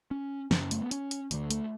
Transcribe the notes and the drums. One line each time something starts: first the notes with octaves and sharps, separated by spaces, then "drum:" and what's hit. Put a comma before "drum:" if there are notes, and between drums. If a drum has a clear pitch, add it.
C#4
F#2 C#3 C#4, drum: snare
A3, drum: hi-hat
B3
C#4, drum: hi-hat
drum: hi-hat
D2 D3, drum: hi-hat
A3, drum: hi-hat